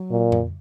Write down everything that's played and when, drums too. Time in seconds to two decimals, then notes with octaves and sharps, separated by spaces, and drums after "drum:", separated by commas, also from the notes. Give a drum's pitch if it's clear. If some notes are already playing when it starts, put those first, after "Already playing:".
Already playing: F#3
0.10 A#2
0.32 drum: tom F2